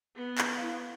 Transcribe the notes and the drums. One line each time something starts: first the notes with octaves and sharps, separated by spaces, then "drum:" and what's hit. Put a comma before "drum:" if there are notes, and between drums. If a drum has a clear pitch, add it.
B3
drum: clap
E4 F5